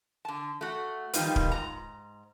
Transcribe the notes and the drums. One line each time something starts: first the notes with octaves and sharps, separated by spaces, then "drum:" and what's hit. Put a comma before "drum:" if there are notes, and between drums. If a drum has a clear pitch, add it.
D3 A5
A3 F#4
D#3 F3 G3 D#4 F4 B4, drum: hi-hat
drum: kick
G#2 A#5